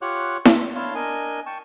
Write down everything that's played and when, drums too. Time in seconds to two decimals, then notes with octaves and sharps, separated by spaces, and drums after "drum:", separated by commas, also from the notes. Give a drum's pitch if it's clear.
0.02 F4 G4 C#5 F#5 C#6 F#6
0.45 E5 C6, drum: snare E4
0.75 D4 E4 C#5 F5 A5 C6
0.95 D4 A#4 D#5 G#5
1.46 G5 A5 C#6